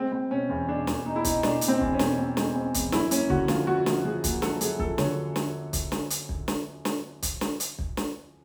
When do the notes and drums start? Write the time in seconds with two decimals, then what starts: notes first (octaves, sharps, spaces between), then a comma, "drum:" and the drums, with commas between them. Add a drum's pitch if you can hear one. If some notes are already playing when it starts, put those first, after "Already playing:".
Already playing: G#3 C4
0.12 C4
0.31 B2 C#4
0.49 E2
0.69 B2 D4
0.87 E2, drum: snare
1.06 B2 D#4
1.16 E4
1.24 B2 D#4, drum: kick, hi-hat
1.43 B2 D4, drum: snare
1.61 B2, drum: hi-hat
1.68 C4
1.81 E2, drum: kick
1.93 C#4
1.99 B2, drum: snare
2.18 C4
2.37 G#3, drum: snare
2.56 C4
2.74 E2, drum: kick, hi-hat
2.92 F#2 E4, drum: snare
3.11 A#3 C#4, drum: hi-hat
3.30 D3 F#4, drum: kick
3.48 F3 F4, drum: snare
3.67 F3 F#4
3.86 F3, drum: snare
4.05 F3 G#4
4.24 A#3, drum: kick, hi-hat
4.42 F#2 A4, drum: snare
4.61 F#2 G#4, drum: hi-hat
4.79 F3 A4, drum: kick
4.98 D3 C#5, drum: snare
5.36 drum: snare
5.73 drum: kick, hi-hat
5.92 drum: snare
6.10 drum: hi-hat
6.29 drum: kick
6.48 drum: snare
6.85 drum: snare
7.22 drum: kick, hi-hat
7.41 drum: snare
7.60 drum: hi-hat
7.79 drum: kick
7.97 drum: snare